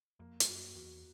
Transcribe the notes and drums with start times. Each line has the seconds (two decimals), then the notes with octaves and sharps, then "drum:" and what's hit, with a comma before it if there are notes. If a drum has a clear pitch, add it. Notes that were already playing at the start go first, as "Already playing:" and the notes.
0.19 F2 A#3
0.40 G2, drum: hi-hat
0.48 F#2 F#4
0.75 E2 F#4